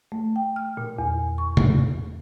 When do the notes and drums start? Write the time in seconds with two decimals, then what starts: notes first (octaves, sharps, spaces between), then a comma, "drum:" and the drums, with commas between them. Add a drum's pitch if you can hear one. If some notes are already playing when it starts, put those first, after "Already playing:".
0.12 A3
0.36 G5
0.56 F6
0.77 A#2
0.99 E2
1.38 C#6
1.57 drum: tom